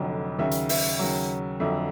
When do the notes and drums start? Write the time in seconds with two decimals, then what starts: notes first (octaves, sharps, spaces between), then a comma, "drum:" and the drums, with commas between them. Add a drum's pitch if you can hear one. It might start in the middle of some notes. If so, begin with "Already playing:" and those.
Already playing: F1 F2 D3 F#3
0.38 D#2 C#3 F#3 E5
0.51 drum: hi-hat
0.69 E5, drum: open hi-hat
0.99 D#2 C#3 F#3
1.60 F2 D3 F#3 E5